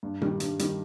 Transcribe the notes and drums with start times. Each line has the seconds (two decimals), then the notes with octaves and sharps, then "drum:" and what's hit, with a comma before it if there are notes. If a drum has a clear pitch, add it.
0.03 G2
0.21 D#3 G3, drum: tom A#2
0.40 G2, drum: hi-hat
0.59 D#3 G3, drum: hi-hat